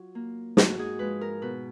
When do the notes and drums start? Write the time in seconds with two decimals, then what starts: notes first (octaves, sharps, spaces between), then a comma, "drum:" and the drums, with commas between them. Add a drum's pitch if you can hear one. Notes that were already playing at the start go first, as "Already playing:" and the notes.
Already playing: F#3 F4
0.15 A#3
0.57 G#2 F#4, drum: snare
0.79 G#4
0.99 F3 G#3 B4
1.21 A#4
1.42 B2 B4